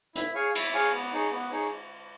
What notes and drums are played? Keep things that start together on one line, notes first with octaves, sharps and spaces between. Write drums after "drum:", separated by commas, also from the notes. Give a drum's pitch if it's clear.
E4, drum: hi-hat
G#4 C#5 F5 G#5
E4, drum: cymbal
G#4 C#5 F5 G#5
B3
D#4 G#4 C#5
B3
D#4 G#4 C#5